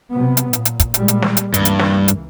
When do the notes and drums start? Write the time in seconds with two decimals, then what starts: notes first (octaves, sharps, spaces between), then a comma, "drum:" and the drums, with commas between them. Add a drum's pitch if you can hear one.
0.11 C3 F#3 B3
0.37 drum: hi-hat
0.53 A#2, drum: hi-hat
0.65 drum: hi-hat
0.80 drum: kick, hi-hat
0.94 A#2 G3 G#3, drum: hi-hat
1.08 drum: hi-hat
1.22 drum: snare
1.37 drum: hi-hat
1.54 C#2 G2 E3 A#3, drum: hi-hat
1.65 drum: hi-hat
1.79 drum: snare
2.08 drum: hi-hat